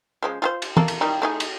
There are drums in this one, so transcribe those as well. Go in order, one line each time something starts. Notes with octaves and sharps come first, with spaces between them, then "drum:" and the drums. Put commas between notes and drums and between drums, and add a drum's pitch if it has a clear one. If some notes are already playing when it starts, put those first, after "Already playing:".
C#3 F3 G#3
F4 G#4 C5
drum: cymbal
A#3 A4, drum: tom
drum: cymbal
D#3 G3 D#4
A3 D#4 G#4
drum: cymbal